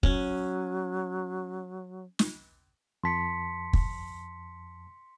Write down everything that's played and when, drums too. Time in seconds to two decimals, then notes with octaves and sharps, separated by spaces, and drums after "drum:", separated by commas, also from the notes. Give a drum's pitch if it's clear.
0.03 F#3 C#4, drum: kick
2.19 drum: snare
3.04 F2 A5 C6 B6 C#7
3.73 drum: kick